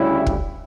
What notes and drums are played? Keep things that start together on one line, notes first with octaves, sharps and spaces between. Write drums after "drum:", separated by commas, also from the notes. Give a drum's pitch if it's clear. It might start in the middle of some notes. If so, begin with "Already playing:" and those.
Already playing: D2 C#3 G3 C#4 E4
drum: kick